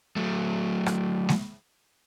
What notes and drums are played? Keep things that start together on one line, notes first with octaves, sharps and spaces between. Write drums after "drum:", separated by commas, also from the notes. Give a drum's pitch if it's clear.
F#3 A3
drum: rim click
drum: snare G#3